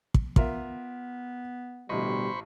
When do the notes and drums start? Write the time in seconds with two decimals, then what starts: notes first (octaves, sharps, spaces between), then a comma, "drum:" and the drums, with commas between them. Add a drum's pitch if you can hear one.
0.14 drum: kick
0.36 B3 F4 A#4 E5, drum: kick
1.89 A1 B2 D3 G3 C5 D#5 B5 C#6